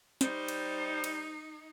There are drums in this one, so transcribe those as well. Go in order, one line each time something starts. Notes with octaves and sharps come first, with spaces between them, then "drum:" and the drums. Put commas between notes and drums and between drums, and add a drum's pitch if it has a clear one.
G3 D#4 C5, drum: snare
drum: cymbal
drum: cymbal